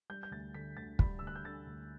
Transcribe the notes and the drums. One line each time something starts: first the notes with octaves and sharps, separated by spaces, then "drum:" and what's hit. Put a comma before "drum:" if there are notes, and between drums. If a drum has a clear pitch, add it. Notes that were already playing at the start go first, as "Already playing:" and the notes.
G3 G6
G6
D2 A6
D3 B6
D2 A6
G3 B5, drum: kick
D2 E6
F#6
G6
D3 A6
D2